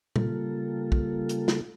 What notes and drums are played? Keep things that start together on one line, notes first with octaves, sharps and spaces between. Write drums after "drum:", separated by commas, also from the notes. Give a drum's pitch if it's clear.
C#3 G3 A#3 F4 A4, drum: tom
drum: kick
drum: hi-hat
drum: snare